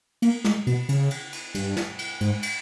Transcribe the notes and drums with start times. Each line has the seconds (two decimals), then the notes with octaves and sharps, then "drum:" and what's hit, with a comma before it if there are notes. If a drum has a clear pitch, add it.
0.22 A#3, drum: cymbal
0.44 G#3, drum: snare
0.67 B2, drum: cymbal
0.89 C#3, drum: cymbal
1.11 drum: cymbal
1.33 drum: cymbal
1.55 G2, drum: cymbal
1.77 drum: snare
1.99 drum: cymbal
2.21 G#2, drum: cymbal
2.43 drum: cymbal